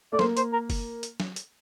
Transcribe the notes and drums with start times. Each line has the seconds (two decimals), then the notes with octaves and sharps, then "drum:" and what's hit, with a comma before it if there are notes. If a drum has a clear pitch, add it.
0.12 A3 D5
0.19 A#3 C5, drum: snare F#3
0.37 C5, drum: hi-hat
0.53 A#4
0.70 drum: kick F#1, open hi-hat
1.03 drum: hi-hat
1.20 drum: snare F#3
1.36 drum: hi-hat